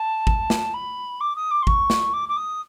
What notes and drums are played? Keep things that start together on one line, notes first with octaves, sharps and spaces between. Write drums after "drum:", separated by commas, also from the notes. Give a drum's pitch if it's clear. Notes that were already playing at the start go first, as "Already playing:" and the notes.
Already playing: A5
drum: kick G#1
drum: snare
B5
D6
D#6
D6
C6
C#6, drum: kick G#1
drum: snare
D6
D6
D#6